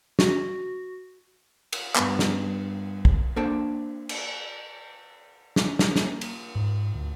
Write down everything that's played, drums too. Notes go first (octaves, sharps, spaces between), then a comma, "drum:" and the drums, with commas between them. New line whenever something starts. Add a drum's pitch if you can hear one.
F#4, drum: snare
drum: cymbal
G2 B3, drum: clap
drum: snare
drum: kick
A#3 D4 A4 C5 G5 A5
drum: cymbal
drum: snare
drum: snare
A#3, drum: snare
drum: cymbal
G#2
D2